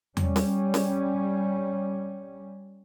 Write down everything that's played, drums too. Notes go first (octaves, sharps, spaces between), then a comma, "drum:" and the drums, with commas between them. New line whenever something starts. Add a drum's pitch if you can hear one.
G3 C#4, drum: tom E2
drum: snare C#4
drum: snare C#4